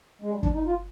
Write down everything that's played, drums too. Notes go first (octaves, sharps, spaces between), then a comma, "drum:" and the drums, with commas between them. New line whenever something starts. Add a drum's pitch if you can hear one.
G#3
G3
D4, drum: kick
D#4
F4